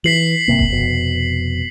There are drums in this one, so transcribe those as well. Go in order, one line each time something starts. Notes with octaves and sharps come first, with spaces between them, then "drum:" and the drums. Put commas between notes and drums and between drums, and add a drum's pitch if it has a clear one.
E3 B6 C7 F#7
G1 C3 A#3
drum: kick D#1
F1 B2